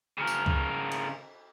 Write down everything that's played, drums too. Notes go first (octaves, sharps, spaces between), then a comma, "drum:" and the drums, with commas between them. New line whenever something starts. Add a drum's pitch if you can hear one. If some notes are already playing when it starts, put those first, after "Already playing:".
C#3 A#4
drum: tambourine
drum: kick C#2
drum: cymbal